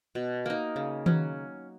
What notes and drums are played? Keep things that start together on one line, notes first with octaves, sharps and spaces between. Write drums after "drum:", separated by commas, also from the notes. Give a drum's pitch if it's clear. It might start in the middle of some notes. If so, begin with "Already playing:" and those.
B2
A#3 D#4
C#3
F#3 C#4, drum: tom D#3